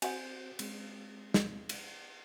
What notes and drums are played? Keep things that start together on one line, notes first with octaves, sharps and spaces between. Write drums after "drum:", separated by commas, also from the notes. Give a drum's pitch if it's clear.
C4 F#4 A4 C5 F#5 G#5 G6, drum: cymbal
G#3 C4, drum: cymbal
drum: snare
drum: cymbal